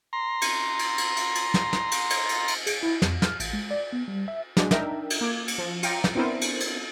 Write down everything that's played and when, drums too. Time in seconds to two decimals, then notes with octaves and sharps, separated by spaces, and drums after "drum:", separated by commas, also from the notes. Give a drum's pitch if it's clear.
0.13 A#5 C6
0.42 drum: cymbal
0.79 drum: cymbal
0.98 drum: cymbal
1.17 drum: cymbal
1.35 drum: cymbal
1.54 drum: snare
1.73 drum: snare
1.92 drum: cymbal
2.10 drum: cymbal
2.29 drum: cymbal
2.48 drum: cymbal
2.67 G#4, drum: cymbal
2.83 E4
3.02 F2, drum: snare
3.22 F6, drum: snare
3.40 A1, drum: cymbal
3.53 G#3
3.71 D5
3.93 B3
4.08 G3
4.28 E5
4.57 F#3 G#3 D4, drum: snare
4.71 D4 D#4 A#4 E5 G5, drum: snare
5.10 drum: cymbal
5.21 A#3 D6 G#6
5.48 drum: cymbal
5.58 F3
5.83 F4 G5 A#5 D6, drum: cymbal
6.04 drum: snare
6.15 B3 C4 D4 E4 A#4 C5
6.41 drum: cymbal
6.60 drum: cymbal